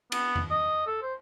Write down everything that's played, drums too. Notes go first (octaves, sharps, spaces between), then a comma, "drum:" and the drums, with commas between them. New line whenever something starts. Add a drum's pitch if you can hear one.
B3, drum: cymbal
drum: tom E2
D#5
A4
C5